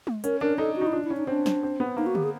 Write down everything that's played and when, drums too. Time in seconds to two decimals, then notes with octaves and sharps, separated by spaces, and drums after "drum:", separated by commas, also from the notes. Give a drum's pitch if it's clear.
0.07 drum: tom G#3
0.24 C#4 A#4, drum: hi-hat
0.41 D4 A#4
0.58 D#4 A4
0.76 F#4
0.81 D#4
0.87 E4
0.93 D4 F4
1.05 E4
1.10 C#4
1.17 D#4
1.27 C4 D4
1.46 C4, drum: snare
1.63 C4
1.80 B3
1.97 A#3 D#4
2.06 F#4
2.15 G4, drum: tom D3
2.24 G#4